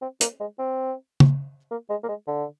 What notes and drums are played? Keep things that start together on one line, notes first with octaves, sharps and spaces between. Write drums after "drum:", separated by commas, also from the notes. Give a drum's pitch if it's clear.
C4
A#3, drum: hi-hat
G#3
C4
drum: tom C#3
A#3
G#3
A#3
G#3
D3